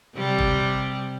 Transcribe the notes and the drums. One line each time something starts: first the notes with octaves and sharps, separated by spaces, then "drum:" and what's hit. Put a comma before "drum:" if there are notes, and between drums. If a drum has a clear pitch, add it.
C3 G3
drum: kick G1